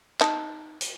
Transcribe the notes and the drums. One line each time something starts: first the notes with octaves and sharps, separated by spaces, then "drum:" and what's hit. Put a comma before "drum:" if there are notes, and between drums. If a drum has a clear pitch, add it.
D#4 A5, drum: clap
drum: hi-hat